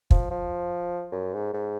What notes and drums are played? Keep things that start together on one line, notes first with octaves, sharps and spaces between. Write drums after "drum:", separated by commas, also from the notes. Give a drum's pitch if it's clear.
F3, drum: kick
F3
F#2
G#2
G#2